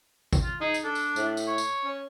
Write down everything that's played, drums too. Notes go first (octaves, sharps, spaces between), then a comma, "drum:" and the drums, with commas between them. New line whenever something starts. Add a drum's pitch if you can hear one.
drum: kick, tambourine
F4
D#4 G#4
drum: tambourine
D4 A4
drum: tambourine
A2, drum: tambourine
drum: tambourine
C#5
drum: tambourine
C#4